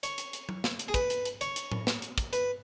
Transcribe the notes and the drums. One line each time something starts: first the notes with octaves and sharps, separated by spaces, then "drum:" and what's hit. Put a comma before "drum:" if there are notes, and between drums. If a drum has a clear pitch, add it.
C#5, drum: hi-hat
drum: hi-hat
drum: hi-hat
drum: tom F#3
drum: snare
drum: hi-hat
G#4
B4, drum: kick, hi-hat
drum: hi-hat
drum: hi-hat
C#5, drum: hi-hat
drum: hi-hat
drum: tom A2
drum: snare
drum: hi-hat
drum: kick, hi-hat
B4, drum: hi-hat